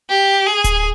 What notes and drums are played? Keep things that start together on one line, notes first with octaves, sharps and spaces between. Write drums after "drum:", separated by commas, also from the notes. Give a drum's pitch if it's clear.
G4
G#4
drum: kick D1, hi-hat